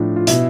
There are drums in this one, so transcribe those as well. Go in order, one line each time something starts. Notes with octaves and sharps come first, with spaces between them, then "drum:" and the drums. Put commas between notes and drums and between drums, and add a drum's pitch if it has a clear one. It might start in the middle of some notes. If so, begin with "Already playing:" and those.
Already playing: A2 F3 D4
F4
B2 E4, drum: hi-hat